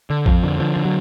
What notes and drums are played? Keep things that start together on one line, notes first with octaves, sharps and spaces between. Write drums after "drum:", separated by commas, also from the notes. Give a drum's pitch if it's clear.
D3
F2 F3, drum: kick
F2 D3
D3 F3
D3
F#3